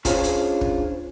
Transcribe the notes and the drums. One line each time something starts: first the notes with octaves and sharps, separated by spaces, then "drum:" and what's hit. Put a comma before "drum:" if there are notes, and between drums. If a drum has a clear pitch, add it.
C#4 D4 F4 G#4 C5 C#5, drum: kick, hi-hat
drum: hi-hat
drum: kick